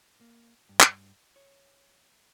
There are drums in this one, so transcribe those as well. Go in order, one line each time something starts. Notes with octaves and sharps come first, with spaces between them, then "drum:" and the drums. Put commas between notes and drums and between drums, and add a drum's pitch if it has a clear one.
A#3
G2
drum: clap
C#5